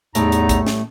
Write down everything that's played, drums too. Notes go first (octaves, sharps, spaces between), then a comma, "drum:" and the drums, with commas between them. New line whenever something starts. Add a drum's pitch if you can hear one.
E2 A2 G3 A3 D#4 A#5, drum: hi-hat
drum: hi-hat
drum: kick A#1, hi-hat
drum: snare